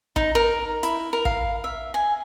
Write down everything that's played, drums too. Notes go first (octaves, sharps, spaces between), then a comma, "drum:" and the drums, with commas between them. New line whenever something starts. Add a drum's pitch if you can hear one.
D#4, drum: kick
A#4
E4, drum: hi-hat
A#4
F5, drum: kick
E5
G#5